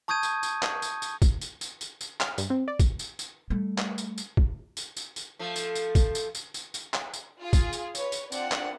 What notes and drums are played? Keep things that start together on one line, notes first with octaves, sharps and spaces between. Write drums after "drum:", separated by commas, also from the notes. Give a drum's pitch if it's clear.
A5 C#6 D#6 G6 G#6 D#7
drum: tambourine
drum: tambourine
drum: clap
drum: tambourine
drum: tambourine
drum: kick, tambourine
drum: tambourine
drum: tambourine
drum: tambourine
drum: tambourine
F6, drum: clap
G2, drum: tambourine
C4
D5
drum: kick, tambourine
drum: tambourine
drum: tambourine
G3 A3
drum: clap
drum: tambourine
drum: tambourine
drum: kick
drum: tambourine
drum: tambourine
drum: tambourine
F3 A3
drum: tambourine
drum: tambourine
drum: kick, tambourine
drum: tambourine
drum: tambourine
drum: tambourine
drum: tambourine
drum: clap
drum: tambourine
F4 G#4
drum: kick, tambourine
drum: tambourine
B4 C#5, drum: tambourine
drum: tambourine
C4 D4 F4 D5 F#5, drum: tambourine
drum: clap